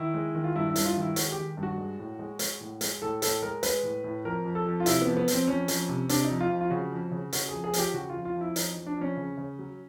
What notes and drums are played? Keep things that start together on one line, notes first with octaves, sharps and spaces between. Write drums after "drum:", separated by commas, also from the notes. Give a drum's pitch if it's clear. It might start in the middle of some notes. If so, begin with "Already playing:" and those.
Already playing: D#3 E4
G#3
D#3
F4
G2 E4
E4
G2, drum: hi-hat
F4
D#3
E4
G#3 F#4, drum: hi-hat
G4
D#3
G2
F#4
G#3
A2
G#3
G#3, drum: hi-hat
A2
G#3, drum: hi-hat
A2 A4
A2 A4, drum: hi-hat
G#3 A#4
G#3 B4, drum: hi-hat
A2
A2
F2 A#4
F2
A4
F2
F4
C3 E4, drum: hi-hat
B3
F2
B3
F2 C4, drum: hi-hat
F2 C#4
F2, drum: hi-hat
C3
C3 D4, drum: hi-hat
D#4
F2
F4
F2
F4
C#3 F#4
F2
C#3
C#3 F#4, drum: hi-hat
F2 G#4
G#4
F3 G4, drum: hi-hat
C#3 F#4
F2 F4
F4
F2
E4
F2 D#4, drum: hi-hat
F2
D4
F2 C#4
C#3
C#3
F#3